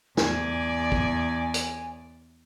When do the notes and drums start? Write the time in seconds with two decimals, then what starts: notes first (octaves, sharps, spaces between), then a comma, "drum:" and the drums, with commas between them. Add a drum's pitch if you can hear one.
0.17 E2 D5 G#5, drum: snare
0.92 drum: kick
1.54 drum: hi-hat